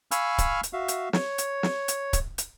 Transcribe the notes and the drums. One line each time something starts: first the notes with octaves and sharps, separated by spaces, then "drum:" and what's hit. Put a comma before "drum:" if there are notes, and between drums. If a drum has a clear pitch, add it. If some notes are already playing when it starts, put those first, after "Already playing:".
F5 G#5 B5 C#6 E6 F6, drum: hi-hat
drum: kick C#1, hi-hat
drum: hi-hat
F#4 E5 F5
drum: hi-hat
C#5, drum: snare
drum: hi-hat
drum: snare
drum: hi-hat
drum: kick C#1, hi-hat
drum: hi-hat